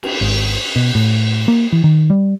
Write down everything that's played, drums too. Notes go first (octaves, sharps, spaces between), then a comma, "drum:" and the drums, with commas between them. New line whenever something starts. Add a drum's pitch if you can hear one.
drum: cymbal
G#1
B2
A2
A#3
E3
D#3
G3